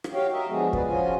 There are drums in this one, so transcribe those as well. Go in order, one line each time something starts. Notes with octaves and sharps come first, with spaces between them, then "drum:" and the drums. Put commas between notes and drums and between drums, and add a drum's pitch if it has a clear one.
drum: rim click
F#4 G4 C#5 F5 G5
A#4 D#5 E5
D3 F3 G#3 B3 F#4 G#4
G#4 B4 D5, drum: kick
F3 C#4 F4 F#4 G#5